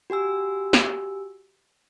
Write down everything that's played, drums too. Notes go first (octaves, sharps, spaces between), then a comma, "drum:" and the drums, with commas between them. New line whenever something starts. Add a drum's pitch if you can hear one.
F#4 G4 G#5 E6
drum: snare